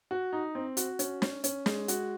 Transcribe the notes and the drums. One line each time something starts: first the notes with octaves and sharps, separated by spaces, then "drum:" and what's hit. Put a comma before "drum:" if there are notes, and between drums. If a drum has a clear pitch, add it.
F#4
D#4
C4
F#4, drum: hi-hat
C#4, drum: hi-hat
C#4, drum: snare
C#4, drum: hi-hat
G#3, drum: snare
F#4, drum: hi-hat